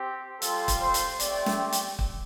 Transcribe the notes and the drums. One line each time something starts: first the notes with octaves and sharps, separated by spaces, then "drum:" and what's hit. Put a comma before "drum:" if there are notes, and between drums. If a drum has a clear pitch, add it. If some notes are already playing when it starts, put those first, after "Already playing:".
Already playing: C4 G4
G3 C4 F4 A4, drum: hi-hat
drum: kick, hi-hat
C5
drum: hi-hat
A3 C4 G4 D5, drum: hi-hat
drum: snare
drum: hi-hat
drum: kick